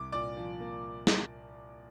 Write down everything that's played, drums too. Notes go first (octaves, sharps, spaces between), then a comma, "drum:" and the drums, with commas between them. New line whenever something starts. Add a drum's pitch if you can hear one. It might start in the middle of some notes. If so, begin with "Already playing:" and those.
Already playing: C2 D6
A#2 D5 D6
F3
A#3
drum: snare